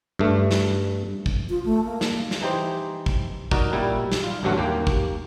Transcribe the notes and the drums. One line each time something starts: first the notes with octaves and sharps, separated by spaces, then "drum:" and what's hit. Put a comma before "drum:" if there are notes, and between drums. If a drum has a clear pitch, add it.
G2 A3
drum: snare
drum: kick
F4
A3
A#3
drum: snare
drum: snare
E3 D#4 G4 C5
drum: kick
D#4 F#4 A#4 D5, drum: kick
A#2 G3 E4
drum: snare
F4
A1 D2 G2 F#3 A3 F#4
D#2 A#3 G4
drum: kick